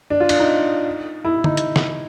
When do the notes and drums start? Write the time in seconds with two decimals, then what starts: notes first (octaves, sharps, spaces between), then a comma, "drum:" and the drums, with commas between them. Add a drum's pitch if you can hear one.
0.10 D4
0.20 F4
0.29 D4, drum: cymbal
0.39 D#4
1.24 E4
1.44 D#4, drum: tom D3
1.57 drum: hi-hat
1.76 drum: snare